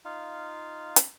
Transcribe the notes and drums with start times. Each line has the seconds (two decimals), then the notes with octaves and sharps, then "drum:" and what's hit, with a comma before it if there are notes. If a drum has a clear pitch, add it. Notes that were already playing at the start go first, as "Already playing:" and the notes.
0.05 D#4 F4 F5
0.96 drum: hi-hat